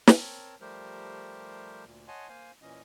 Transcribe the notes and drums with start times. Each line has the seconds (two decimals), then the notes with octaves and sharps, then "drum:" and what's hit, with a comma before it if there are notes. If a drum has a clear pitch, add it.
0.07 C4 A#4 C#5 A5, drum: snare
0.61 F3 G3 A3 G4 A#4 C5
1.85 D2 A#2
2.08 C#5 D#5 F#5 G#5 A5 C6
2.29 A#3 C5 F5 G#5
2.62 A#2 E3 C#4 D#5